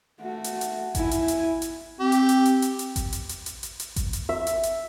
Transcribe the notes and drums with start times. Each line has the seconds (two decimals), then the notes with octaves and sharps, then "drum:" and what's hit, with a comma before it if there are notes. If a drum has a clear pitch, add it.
0.21 A3 F#4
0.44 drum: hi-hat
0.61 drum: hi-hat
0.95 E4 G#5, drum: kick G#1, hi-hat
1.11 drum: hi-hat
1.28 drum: hi-hat
1.62 drum: hi-hat
2.00 C4 G4
2.12 drum: hi-hat
2.29 drum: hi-hat
2.45 drum: hi-hat
2.62 drum: hi-hat
2.79 drum: hi-hat
2.96 drum: kick G#1, hi-hat
3.13 drum: hi-hat
3.29 drum: hi-hat
3.46 drum: hi-hat
3.63 drum: hi-hat
3.80 drum: hi-hat
3.96 drum: kick G#1, hi-hat
4.13 drum: hi-hat
4.29 E5
4.47 drum: hi-hat
4.63 drum: hi-hat